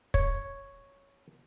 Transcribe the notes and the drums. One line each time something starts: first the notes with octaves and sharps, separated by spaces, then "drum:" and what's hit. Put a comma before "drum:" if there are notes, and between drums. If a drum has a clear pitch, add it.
C#5, drum: kick